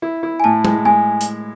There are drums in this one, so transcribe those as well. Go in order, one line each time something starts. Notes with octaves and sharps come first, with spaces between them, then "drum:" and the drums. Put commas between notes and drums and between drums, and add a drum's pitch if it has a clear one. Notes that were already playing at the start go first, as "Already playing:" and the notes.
E4
E4
G#5
A2 A5
G#3, drum: tom G#3
G#3 G#5
drum: hi-hat